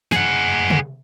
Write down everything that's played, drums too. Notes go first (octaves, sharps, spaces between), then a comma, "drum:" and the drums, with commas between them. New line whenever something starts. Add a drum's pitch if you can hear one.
G#4 F#5, drum: snare
drum: tom C3